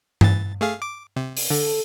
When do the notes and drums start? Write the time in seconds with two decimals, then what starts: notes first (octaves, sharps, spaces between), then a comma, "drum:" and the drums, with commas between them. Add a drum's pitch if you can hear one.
0.21 E3 A6, drum: tom G2
0.61 A3 G#4 F5
0.82 D6
1.16 C3
1.37 drum: open hi-hat
1.50 D3 A4